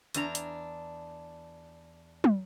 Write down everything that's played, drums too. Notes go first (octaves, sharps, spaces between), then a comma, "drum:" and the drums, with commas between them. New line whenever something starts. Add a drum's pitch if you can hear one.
E2 D4 A#5, drum: hi-hat
drum: hi-hat
drum: tom